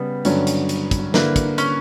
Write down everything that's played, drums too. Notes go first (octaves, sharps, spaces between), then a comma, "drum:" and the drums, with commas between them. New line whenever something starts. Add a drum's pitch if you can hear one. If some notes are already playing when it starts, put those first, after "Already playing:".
Already playing: C#3 G3 B3
G2 D3 F#3 C#4, drum: hi-hat
drum: hi-hat
drum: hi-hat
drum: kick, hi-hat
D3 A#3 E4 B4, drum: snare
drum: kick, hi-hat
C#4, drum: hi-hat